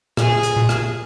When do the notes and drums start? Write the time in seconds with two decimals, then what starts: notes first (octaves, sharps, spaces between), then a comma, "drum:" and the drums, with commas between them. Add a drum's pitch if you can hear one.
0.17 A#2 G#4, drum: rim click
0.43 drum: hi-hat
0.56 A#2
0.69 drum: rim click